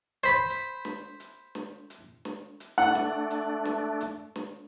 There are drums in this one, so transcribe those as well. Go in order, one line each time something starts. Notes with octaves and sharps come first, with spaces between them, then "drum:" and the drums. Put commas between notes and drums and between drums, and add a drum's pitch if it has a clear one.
C5 B5
drum: hi-hat
drum: snare
drum: hi-hat
drum: snare
drum: hi-hat
drum: snare
drum: hi-hat
A3 D4 F#5
drum: snare
drum: hi-hat
drum: snare
drum: hi-hat
drum: snare